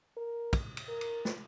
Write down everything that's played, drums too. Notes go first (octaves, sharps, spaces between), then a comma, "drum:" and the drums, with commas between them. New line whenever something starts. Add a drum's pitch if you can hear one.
A#4
drum: kick, cymbal
drum: cymbal
A#4
drum: cymbal
drum: snare